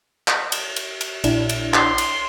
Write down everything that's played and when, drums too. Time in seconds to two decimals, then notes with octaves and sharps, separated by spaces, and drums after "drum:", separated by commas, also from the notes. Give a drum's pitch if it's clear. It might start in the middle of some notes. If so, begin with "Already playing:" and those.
0.28 drum: clap
0.52 drum: cymbal
0.76 drum: cymbal
1.01 drum: cymbal
1.24 A#1 D4 E4, drum: cymbal
1.49 drum: cymbal
1.74 C6, drum: clap
1.98 drum: cymbal